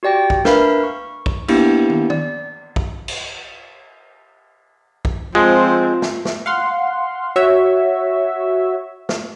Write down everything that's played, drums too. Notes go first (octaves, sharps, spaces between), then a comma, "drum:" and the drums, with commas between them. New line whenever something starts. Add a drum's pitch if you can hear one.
F#4 G4 D5 G5 A#6
drum: kick
D4 A#4 B4 E5 F5 B5, drum: snare
C#6
drum: kick
A#3 B3 D4 E4 G4, drum: cymbal
drum: tom
D5, drum: tom
drum: kick
drum: cymbal
drum: kick
F3 G#3 C4 F4
drum: snare
drum: snare
F5 F#5 C6
F#4 C#5 E5
drum: snare